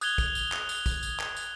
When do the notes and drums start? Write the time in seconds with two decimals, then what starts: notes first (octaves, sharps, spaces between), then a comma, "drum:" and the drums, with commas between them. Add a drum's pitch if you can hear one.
0.01 D#6 F#6 G#6 F7 G7, drum: tambourine
0.18 drum: kick, tambourine
0.35 drum: tambourine
0.52 drum: clap
0.69 drum: tambourine
0.86 drum: kick, tambourine
1.03 drum: tambourine
1.20 drum: clap
1.36 drum: tambourine